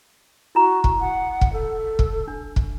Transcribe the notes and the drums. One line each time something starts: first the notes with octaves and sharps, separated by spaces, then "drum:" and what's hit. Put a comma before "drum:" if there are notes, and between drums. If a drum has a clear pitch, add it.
E4 F#4 A#5
drum: kick
F#5
drum: kick
A4
drum: kick
D4
drum: kick